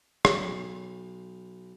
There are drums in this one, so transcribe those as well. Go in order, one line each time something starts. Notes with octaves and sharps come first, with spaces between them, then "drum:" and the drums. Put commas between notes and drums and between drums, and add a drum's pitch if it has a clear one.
F#3, drum: rim click
B1